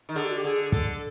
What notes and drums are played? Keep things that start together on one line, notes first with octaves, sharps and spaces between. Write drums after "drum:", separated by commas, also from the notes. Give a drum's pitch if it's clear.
D#3
D3 G#4
G4
F#4
G4
D3 G#4
G#4
D3 A4, drum: kick